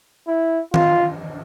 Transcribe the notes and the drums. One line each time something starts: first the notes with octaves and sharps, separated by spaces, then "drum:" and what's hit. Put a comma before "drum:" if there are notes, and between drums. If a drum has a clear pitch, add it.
E4
F4, drum: tom D#3